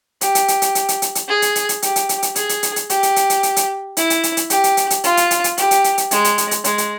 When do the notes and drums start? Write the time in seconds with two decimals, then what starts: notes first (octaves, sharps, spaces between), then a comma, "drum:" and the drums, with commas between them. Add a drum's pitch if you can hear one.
0.21 G4, drum: hi-hat
0.35 drum: hi-hat
0.48 drum: hi-hat
0.62 drum: hi-hat
0.75 drum: hi-hat
0.88 drum: hi-hat
1.02 drum: hi-hat
1.15 drum: hi-hat
1.28 G#4
1.42 drum: hi-hat
1.55 drum: hi-hat
1.69 drum: hi-hat
1.82 G4, drum: hi-hat
1.96 drum: hi-hat
2.09 drum: hi-hat
2.22 drum: hi-hat
2.36 G#4, drum: hi-hat
2.49 drum: hi-hat
2.63 drum: hi-hat
2.76 drum: hi-hat
2.90 G4, drum: hi-hat
3.03 drum: hi-hat
3.16 drum: hi-hat
3.30 drum: hi-hat
3.43 drum: hi-hat
3.56 drum: hi-hat
3.97 E4, drum: hi-hat
4.10 drum: hi-hat
4.23 drum: hi-hat
4.37 drum: hi-hat
4.50 G4, drum: hi-hat
4.64 drum: hi-hat
4.77 drum: hi-hat
4.90 drum: hi-hat
5.04 F4, drum: hi-hat
5.17 drum: hi-hat
5.31 drum: hi-hat
5.44 drum: hi-hat
5.57 G4, drum: hi-hat
5.71 drum: hi-hat
5.84 drum: hi-hat
5.98 drum: hi-hat
6.11 G#3, drum: hi-hat
6.24 drum: hi-hat
6.38 drum: hi-hat
6.51 drum: hi-hat
6.64 G#3, drum: hi-hat
6.78 drum: hi-hat